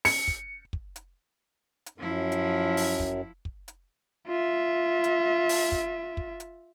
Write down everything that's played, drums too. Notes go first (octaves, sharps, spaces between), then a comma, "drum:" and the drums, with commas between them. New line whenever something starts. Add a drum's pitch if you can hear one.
C#7, drum: open hi-hat
drum: kick
drum: kick
drum: hi-hat
drum: hi-hat
F#2 F3 E4
drum: hi-hat
drum: open hi-hat
drum: kick
drum: kick
drum: hi-hat
F4 E5
drum: hi-hat
drum: open hi-hat
drum: kick
drum: kick
drum: hi-hat